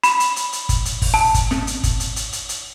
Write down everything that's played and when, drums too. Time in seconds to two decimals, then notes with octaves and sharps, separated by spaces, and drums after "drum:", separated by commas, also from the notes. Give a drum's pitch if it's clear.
0.04 B5, drum: hi-hat
0.20 drum: hi-hat
0.36 drum: hi-hat
0.53 drum: hi-hat
0.69 drum: kick G1, hi-hat
0.85 drum: hi-hat
1.02 drum: kick G1, open hi-hat
1.14 A5
1.34 drum: kick G1, hi-hat
1.51 drum: snare
1.67 drum: hi-hat
1.84 drum: kick G1, hi-hat
2.00 drum: hi-hat
2.16 drum: hi-hat
2.33 drum: hi-hat
2.49 drum: hi-hat